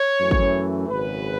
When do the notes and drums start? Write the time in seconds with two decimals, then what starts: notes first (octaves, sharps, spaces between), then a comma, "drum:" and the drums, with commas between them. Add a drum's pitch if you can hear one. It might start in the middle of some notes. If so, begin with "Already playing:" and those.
Already playing: C#5
0.19 F#2 E3 A3 C#4
0.31 drum: kick
0.89 G#1 F#2 C#3 B4